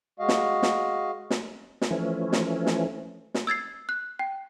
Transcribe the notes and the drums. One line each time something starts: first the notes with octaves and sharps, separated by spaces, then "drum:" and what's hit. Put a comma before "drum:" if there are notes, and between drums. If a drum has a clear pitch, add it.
G#3 F#4 D#5 F5
drum: snare
drum: snare
drum: snare
drum: snare
E3 F3 A3 C#4
drum: snare
drum: snare
drum: snare
E6 G#6 A6 C7
F#6
G5